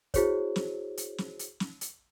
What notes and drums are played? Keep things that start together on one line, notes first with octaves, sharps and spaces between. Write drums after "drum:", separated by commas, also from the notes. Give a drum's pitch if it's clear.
E4 F#4 G#4 C5 C#5, drum: kick, hi-hat
drum: snare
drum: hi-hat
drum: snare
drum: hi-hat
drum: snare
drum: hi-hat